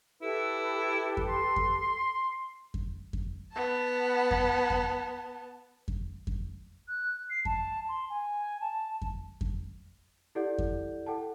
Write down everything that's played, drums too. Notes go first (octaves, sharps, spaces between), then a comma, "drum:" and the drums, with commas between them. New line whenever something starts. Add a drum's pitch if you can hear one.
E4 G4 A4 B4
drum: kick F2
C6
drum: kick F2
drum: kick F2
drum: kick F2
B3 A5
drum: kick F2
drum: kick F2
drum: kick F2
drum: kick F2
F#6
C7
A5, drum: kick F2
C6
G#5
A5
drum: kick F2
drum: kick F2
E4 G4 A4 D5 F#5 G6
drum: kick F2
A4 F#5 G5 A5